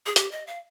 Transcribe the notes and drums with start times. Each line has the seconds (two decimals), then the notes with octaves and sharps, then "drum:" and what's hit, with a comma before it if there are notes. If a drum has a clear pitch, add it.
0.06 G#4
0.16 G4, drum: hi-hat
0.31 D#5
0.47 F5